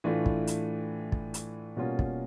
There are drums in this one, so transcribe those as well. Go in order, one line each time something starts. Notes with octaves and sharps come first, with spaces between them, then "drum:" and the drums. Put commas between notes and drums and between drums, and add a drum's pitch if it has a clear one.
A2 E3 A3 D4 F4
drum: kick
drum: hi-hat
drum: kick
drum: hi-hat
B2 G3 A#3 C#4 F4
drum: kick